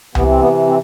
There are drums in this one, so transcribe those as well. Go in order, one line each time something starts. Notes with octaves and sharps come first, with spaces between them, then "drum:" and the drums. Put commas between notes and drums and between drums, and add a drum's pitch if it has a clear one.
C3 E3 B3, drum: tom C2
C4
B3
C4